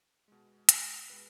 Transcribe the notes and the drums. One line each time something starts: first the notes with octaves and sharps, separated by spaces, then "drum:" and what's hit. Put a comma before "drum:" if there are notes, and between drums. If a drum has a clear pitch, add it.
B2 G#3
drum: hi-hat
B2 G#3 B4